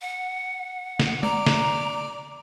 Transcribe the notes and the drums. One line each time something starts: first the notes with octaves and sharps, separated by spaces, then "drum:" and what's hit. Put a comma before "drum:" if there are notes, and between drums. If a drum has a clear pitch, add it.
F#5
drum: snare
D5 A#5, drum: tom G#3
drum: snare